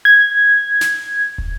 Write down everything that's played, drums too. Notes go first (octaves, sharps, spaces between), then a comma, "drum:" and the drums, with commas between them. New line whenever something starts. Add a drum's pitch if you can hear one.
G#6
drum: snare
drum: kick